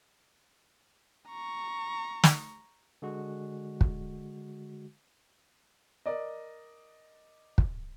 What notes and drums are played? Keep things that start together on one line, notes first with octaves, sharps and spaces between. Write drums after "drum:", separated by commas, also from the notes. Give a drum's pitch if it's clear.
A#5 C#6
drum: snare
D3 G#3 F#4
drum: kick
A#4 D5 D#5
drum: kick